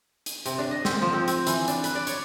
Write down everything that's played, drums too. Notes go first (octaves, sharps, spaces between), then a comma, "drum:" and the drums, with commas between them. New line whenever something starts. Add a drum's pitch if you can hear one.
drum: hi-hat
C3, drum: hi-hat
D4
D#5
C4, drum: snare
F3
C4
C4, drum: hi-hat
E3, drum: hi-hat
D4, drum: hi-hat
B4, drum: hi-hat
D5
C#5, drum: hi-hat